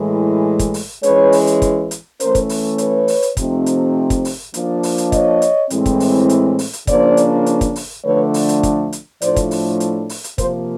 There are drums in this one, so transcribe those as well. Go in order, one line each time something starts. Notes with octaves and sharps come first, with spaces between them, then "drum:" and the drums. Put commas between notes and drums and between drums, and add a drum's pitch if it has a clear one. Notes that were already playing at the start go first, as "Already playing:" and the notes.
Already playing: A2 E3 G#3
drum: kick, hi-hat
drum: open hi-hat
E3 G#3 C#4 B4 C#5, drum: hi-hat
drum: open hi-hat
drum: hi-hat
drum: kick, hi-hat
drum: hi-hat
E3 A3 C#4 A#4 C5, drum: hi-hat
drum: kick, hi-hat
drum: open hi-hat
B4 C#5, drum: hi-hat
drum: open hi-hat
drum: hi-hat
C3 F3 A3 C4 D#4, drum: kick, hi-hat
drum: hi-hat
drum: kick, hi-hat
drum: open hi-hat
F3 A#3 D4, drum: hi-hat
drum: open hi-hat
drum: hi-hat
C#5 D#5, drum: kick, hi-hat
drum: hi-hat
A2 E3 G#3 C4, drum: hi-hat
drum: kick, hi-hat
drum: open hi-hat
drum: hi-hat
drum: open hi-hat
drum: hi-hat
C#3 F3 A#3 D4 C5 D5, drum: kick, hi-hat
drum: hi-hat
drum: hi-hat
drum: kick, hi-hat
drum: open hi-hat
D3 F3 A3 D4 B4 C#5
drum: open hi-hat
drum: hi-hat
drum: kick, hi-hat
drum: hi-hat
A2 F3 A3 D4 C5 D5, drum: hi-hat
drum: kick, hi-hat
drum: open hi-hat
drum: hi-hat
drum: open hi-hat
drum: hi-hat
C3 F3 A#3 A#4 C5, drum: kick, hi-hat